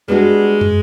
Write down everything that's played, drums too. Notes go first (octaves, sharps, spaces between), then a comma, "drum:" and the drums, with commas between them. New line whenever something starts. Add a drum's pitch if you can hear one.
G3 G#3 B3 D4 F#4
drum: tom